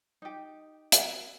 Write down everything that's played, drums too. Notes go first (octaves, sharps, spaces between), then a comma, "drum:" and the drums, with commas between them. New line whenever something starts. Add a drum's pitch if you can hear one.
D#4 G4
drum: hi-hat